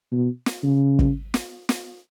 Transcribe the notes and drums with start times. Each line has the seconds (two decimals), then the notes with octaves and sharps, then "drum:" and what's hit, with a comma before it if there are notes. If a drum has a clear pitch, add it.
0.12 B2
0.46 drum: snare
0.63 C#3
0.99 drum: kick
1.34 drum: snare
1.69 drum: snare